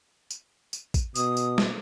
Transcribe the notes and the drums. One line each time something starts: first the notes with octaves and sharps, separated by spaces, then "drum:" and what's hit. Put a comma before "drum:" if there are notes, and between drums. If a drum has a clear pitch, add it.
drum: tambourine
drum: tambourine
drum: kick A1, tambourine
B2 D#6, drum: tambourine
drum: tambourine
drum: snare